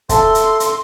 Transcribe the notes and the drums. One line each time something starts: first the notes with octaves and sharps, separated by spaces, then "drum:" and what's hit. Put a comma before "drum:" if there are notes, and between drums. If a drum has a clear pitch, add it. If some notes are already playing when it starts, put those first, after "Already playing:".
A4 E5 A5 C6, drum: kick, hi-hat
drum: hi-hat
drum: hi-hat